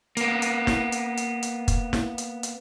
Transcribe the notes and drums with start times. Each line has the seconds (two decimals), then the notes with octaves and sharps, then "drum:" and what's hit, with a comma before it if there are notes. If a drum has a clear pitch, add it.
0.17 A#3 B3, drum: hi-hat
0.42 drum: hi-hat
0.67 drum: snare
0.92 drum: hi-hat
1.17 drum: hi-hat
1.43 drum: hi-hat
1.68 drum: kick, hi-hat
1.93 drum: snare
2.18 drum: hi-hat
2.43 drum: hi-hat